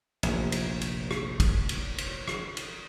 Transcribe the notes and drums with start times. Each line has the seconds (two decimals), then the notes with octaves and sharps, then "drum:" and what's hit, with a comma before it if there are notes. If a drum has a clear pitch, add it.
0.23 F1 A#1, drum: cymbal
0.52 drum: cymbal
0.81 drum: cymbal
1.11 drum: rim click
1.40 drum: kick, cymbal
1.69 drum: cymbal
1.98 drum: cymbal
2.28 drum: rim click
2.57 drum: cymbal